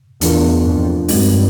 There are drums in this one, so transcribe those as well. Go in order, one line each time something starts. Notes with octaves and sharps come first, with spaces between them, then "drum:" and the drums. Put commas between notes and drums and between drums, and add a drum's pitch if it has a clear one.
E2 A3 D4 F4 A#4, drum: hi-hat
F2
G2 F3 G#3 C4 D#4 F#4, drum: open hi-hat